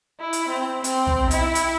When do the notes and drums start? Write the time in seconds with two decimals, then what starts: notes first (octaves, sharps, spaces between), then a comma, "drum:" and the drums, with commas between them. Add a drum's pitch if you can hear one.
0.20 E4
0.33 drum: hi-hat
0.49 C4
0.84 C4, drum: hi-hat
1.06 drum: tom
1.31 E4, drum: hi-hat
1.55 drum: hi-hat